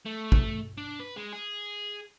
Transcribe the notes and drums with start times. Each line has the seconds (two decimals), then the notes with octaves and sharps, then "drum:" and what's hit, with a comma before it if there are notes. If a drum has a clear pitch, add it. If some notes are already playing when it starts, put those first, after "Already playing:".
0.06 A3
0.32 drum: kick
0.77 D4
1.00 B4
1.17 G#3
1.33 G#4